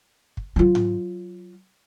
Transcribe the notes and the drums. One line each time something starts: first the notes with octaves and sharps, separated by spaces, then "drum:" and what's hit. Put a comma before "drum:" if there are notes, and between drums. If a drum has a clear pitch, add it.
drum: kick
F#3 F4
drum: tom G#2